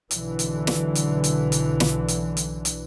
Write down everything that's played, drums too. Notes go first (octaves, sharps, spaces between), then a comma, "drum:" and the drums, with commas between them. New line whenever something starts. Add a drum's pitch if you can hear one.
B1 D3 E3, drum: hi-hat
drum: hi-hat
drum: snare
drum: hi-hat
drum: hi-hat
drum: hi-hat
drum: snare
drum: hi-hat
drum: hi-hat
drum: hi-hat